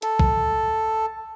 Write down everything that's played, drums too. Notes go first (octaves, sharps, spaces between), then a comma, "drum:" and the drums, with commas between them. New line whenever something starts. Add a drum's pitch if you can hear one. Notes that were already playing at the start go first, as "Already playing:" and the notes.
A4, drum: hi-hat
drum: kick